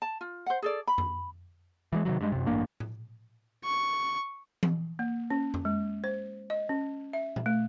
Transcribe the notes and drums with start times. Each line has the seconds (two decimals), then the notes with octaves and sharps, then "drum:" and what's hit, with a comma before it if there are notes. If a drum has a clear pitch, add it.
0.02 A5
0.21 F4
0.46 C5 F#5
0.62 G#4 A4 D5
0.87 B5
0.98 drum: tom F2
1.93 E3 F#3 G#3
2.05 C3 D#3 F#3
2.21 G2 G#3
2.32 F#2 C3
2.46 A1 G2 A#3 D4
2.80 drum: tom A2
3.64 C#6
4.63 drum: tom E3
4.99 A#3
5.30 C#4
5.54 drum: tom F2
5.65 G#3
6.04 C5
6.50 D#5
6.69 C#4
7.13 E5
7.36 drum: tom A#2
7.46 A3